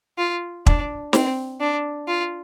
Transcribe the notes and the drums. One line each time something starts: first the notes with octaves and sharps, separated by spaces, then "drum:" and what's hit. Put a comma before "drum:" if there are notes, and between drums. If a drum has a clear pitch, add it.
F4
D4, drum: kick
C4, drum: snare
D4
F4